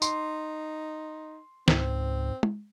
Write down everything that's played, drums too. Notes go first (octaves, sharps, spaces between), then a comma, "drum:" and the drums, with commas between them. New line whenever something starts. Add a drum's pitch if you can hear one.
D#4 C6, drum: tambourine
C#2 G#2 C4, drum: snare
drum: tom